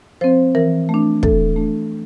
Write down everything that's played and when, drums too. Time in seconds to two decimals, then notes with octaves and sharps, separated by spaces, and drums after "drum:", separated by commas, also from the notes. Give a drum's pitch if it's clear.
0.21 F3 C4 C5
0.55 E3 A#4
0.89 A3 D4
1.23 E3 A4, drum: kick
1.56 A3 D4